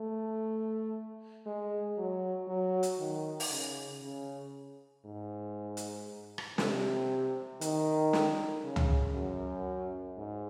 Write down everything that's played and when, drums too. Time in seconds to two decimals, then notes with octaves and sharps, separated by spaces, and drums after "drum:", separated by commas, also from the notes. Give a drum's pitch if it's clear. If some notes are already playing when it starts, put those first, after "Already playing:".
Already playing: A3
1.46 G#3
1.98 F#3
2.48 F#3
2.83 drum: hi-hat
2.99 D#3
3.40 drum: open hi-hat
3.51 C#3
4.02 C#3
5.05 G#2
5.77 drum: hi-hat
6.38 drum: rim click
6.58 C3, drum: snare
7.61 D#3, drum: hi-hat
8.13 drum: snare
8.64 C#3
8.76 drum: tom C#2
9.14 F#2
10.17 G#2